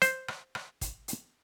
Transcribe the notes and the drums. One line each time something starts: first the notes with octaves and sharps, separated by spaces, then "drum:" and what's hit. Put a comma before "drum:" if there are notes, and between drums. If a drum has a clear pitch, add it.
C5, drum: hi-hat
drum: rim click
drum: rim click
drum: kick, hi-hat
drum: hi-hat